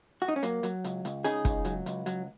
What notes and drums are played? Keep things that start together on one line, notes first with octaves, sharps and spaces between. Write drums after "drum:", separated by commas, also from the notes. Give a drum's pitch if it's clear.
F#4
D#4
C#4
F#3 A#3, drum: hi-hat
F#3, drum: hi-hat
C#2, drum: hi-hat
C#2, drum: hi-hat
C#3 D#4 G#4, drum: hi-hat
C#2, drum: kick, hi-hat
F#3, drum: hi-hat
C#2, drum: hi-hat
F#3, drum: hi-hat